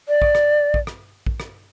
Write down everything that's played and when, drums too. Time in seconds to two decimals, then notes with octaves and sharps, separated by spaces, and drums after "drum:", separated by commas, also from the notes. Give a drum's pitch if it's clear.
0.08 D5
0.22 drum: kick
0.35 drum: rim click
0.74 drum: kick
0.87 drum: rim click
1.27 drum: kick
1.40 drum: rim click